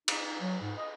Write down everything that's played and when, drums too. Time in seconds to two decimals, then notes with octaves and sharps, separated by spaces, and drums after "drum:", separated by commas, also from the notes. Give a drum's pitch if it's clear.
0.08 D#4, drum: cymbal
0.41 F#3
0.63 G#2
0.78 D#5